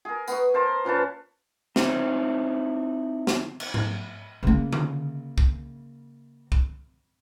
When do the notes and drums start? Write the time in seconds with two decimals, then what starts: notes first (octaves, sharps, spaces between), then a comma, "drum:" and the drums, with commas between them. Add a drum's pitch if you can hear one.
0.05 G#4 A#4
0.28 B3 C#6, drum: tambourine
0.54 A#4 C5 A5
0.85 A#2 C#4 B4 A5
1.76 C4 D#4 E4 F#4 C5 C#5, drum: snare
3.27 drum: snare
3.60 drum: cymbal
3.74 drum: tom G#2
4.43 C#3 A#3
4.73 drum: tom D3
5.38 drum: kick
6.52 drum: kick